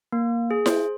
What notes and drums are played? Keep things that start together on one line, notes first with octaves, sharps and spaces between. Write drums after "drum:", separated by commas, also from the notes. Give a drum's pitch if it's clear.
A#3
G#4
C5, drum: snare E4